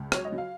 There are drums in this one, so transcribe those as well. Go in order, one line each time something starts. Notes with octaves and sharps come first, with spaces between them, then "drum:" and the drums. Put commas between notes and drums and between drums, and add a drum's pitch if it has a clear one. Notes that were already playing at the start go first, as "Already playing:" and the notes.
Already playing: C#2
F#3 C#5, drum: rim click
D#5
F#3
F5